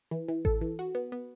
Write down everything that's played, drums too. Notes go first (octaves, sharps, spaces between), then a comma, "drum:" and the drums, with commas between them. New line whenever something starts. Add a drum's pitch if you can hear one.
E3
E3
A4, drum: kick A1
E3
F#4
B3
B3